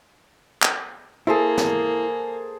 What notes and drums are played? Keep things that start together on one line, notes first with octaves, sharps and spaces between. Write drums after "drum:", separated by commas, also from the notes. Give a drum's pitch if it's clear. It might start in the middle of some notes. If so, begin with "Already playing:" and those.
drum: clap
A#3 E4 G#4 A4 C5
drum: snare